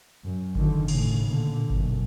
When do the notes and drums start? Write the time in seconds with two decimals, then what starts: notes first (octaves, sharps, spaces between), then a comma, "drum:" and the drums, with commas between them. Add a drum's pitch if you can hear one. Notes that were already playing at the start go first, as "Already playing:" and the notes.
0.25 F#2
0.55 D3 D#3, drum: kick G1
0.88 A2 C#3, drum: cymbal
1.25 A#2 D3
1.70 B1 F#2, drum: kick G1